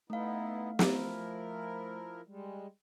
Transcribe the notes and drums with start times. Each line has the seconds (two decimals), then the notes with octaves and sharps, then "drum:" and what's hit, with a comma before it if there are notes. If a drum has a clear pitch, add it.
0.10 A3 B3 D#4 E4 F5
0.79 F3 E4 A#4, drum: snare
2.27 G3 G#3